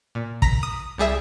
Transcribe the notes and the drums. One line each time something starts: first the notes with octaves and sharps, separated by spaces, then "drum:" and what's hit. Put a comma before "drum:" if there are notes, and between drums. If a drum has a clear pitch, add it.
A#2
A#5 A#6 B6, drum: kick
D#6
C2 G3 G#4 E5 E7